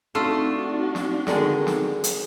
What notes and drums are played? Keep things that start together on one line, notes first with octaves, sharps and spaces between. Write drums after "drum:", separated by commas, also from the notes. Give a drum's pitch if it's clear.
A3 C4 D4 D#4 F4 F#4
drum: snare
D3 D#3 G#3, drum: snare
drum: snare
drum: hi-hat